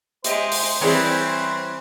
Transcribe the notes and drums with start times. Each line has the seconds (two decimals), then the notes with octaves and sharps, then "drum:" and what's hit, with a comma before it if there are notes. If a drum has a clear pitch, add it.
0.24 G#3 G4 C5 D#5 E5, drum: hi-hat
0.52 drum: open hi-hat
0.81 E3 G3 C4 E4 G#4 A#4 C#5